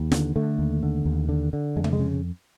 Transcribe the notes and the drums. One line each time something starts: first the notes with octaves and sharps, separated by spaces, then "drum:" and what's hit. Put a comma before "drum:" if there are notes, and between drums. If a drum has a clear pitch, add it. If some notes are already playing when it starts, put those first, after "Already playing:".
Already playing: D#2
D3, drum: snare
D3 A3
D#2
D3
D#2
D3
D3
F2 G#3
A3, drum: tom C3
G#3
C#3